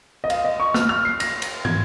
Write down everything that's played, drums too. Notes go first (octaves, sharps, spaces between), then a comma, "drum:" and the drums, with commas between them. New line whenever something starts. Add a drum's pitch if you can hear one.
D#5
F5, drum: cymbal
D#5
C#6
F6, drum: snare A#3
F6
C7
A#6, drum: cymbal
drum: cymbal
G#6, drum: tom